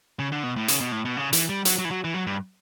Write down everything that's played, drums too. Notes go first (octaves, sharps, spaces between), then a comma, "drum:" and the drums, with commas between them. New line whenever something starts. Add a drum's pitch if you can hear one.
C#3
D3
B2
A2
C#3, drum: hi-hat
B2
A2
B2
C#3
E3, drum: hi-hat
G3
F#3, drum: hi-hat
F#3
E3
F#3
E3
F#3
G2